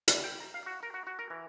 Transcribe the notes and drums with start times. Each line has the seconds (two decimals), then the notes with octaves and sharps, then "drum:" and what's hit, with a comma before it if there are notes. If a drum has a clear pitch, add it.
0.08 E2, drum: hi-hat
0.24 G5
0.40 A#5
0.54 F5
0.66 F#4
0.83 A#4
0.94 F#4
1.07 F#4
1.19 A#4
1.30 E3